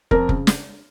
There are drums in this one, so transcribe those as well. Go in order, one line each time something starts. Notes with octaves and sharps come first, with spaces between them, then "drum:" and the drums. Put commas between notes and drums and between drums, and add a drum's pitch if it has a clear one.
F2 A#4, drum: kick
C#3, drum: kick
drum: snare